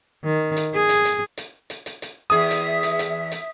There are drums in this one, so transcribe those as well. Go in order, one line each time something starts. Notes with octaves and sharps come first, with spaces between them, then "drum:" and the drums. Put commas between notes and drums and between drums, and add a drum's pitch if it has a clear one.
D#3
drum: hi-hat
G#4
drum: hi-hat
drum: hi-hat
drum: hi-hat
drum: hi-hat
drum: hi-hat
drum: hi-hat
E2 G#4 E5 D#6
drum: hi-hat
drum: hi-hat
drum: hi-hat
drum: hi-hat